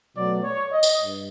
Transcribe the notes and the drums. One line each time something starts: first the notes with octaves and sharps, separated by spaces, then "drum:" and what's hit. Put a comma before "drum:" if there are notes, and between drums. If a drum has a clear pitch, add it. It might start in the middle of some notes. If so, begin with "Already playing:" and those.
B2 F#3 A3 D5
C#5
D#5
drum: tambourine
G2